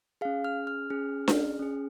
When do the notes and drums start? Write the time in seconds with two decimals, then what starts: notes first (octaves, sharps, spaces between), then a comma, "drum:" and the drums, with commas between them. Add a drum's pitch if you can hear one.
0.21 C#4 G#4 F5
0.44 F6
0.67 F6
0.90 C#4 G#4
1.28 drum: snare D4
1.59 C#4 G#4